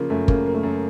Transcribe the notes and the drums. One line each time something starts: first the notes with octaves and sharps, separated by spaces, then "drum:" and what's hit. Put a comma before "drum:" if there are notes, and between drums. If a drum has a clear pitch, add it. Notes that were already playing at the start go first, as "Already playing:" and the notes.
Already playing: C#3 F3 A#3
F#2 A3
C#3 A#3, drum: kick
A#3
A3
F#2